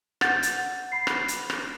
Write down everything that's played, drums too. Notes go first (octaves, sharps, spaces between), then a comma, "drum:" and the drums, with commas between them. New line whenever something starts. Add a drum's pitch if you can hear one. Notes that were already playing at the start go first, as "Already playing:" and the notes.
F#5 G6 A6, drum: rim click
drum: hi-hat
B5 C7
drum: rim click
drum: hi-hat
drum: rim click